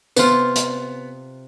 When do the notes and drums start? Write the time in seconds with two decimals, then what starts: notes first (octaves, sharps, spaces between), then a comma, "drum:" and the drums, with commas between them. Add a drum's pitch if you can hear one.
0.16 C3 B3 F4, drum: tambourine
0.56 drum: hi-hat